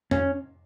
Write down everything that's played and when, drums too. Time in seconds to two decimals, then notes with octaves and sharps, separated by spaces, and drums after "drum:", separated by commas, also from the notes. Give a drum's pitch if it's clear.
0.11 C#4, drum: tom F2